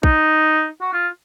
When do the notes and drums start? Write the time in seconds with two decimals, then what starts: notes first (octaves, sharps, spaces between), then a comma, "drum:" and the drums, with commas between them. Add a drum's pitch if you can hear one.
0.03 D#4, drum: kick
0.81 F#4
0.93 F4